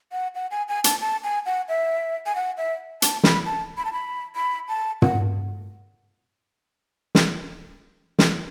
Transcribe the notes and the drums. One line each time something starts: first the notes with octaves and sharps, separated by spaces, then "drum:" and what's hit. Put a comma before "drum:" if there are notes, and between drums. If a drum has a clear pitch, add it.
F#5
F#5
G#5
G#5
A5, drum: hi-hat
A5
G#5
F#5
E5
G#5
F#5
E5
A5, drum: hi-hat
B5, drum: snare
A5
B5
A5
B5
B5
A5
F#5, drum: tom
drum: snare
drum: snare